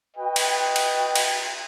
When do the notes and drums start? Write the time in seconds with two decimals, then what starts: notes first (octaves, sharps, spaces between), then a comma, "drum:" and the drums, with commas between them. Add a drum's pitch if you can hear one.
0.16 F#4 B4 D#5 G5
0.36 drum: cymbal
0.76 drum: cymbal
1.15 drum: cymbal